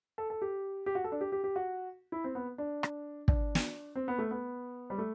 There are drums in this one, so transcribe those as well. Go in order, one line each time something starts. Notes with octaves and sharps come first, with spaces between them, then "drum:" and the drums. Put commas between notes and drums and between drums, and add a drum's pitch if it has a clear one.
A4
A4
G4
G4
F#4
A4
D4
G4
G4
G4
F#4
E4
C4
B3
D4
drum: rim click
D4, drum: kick
drum: snare
C4
B3
A3
B3
G3
A3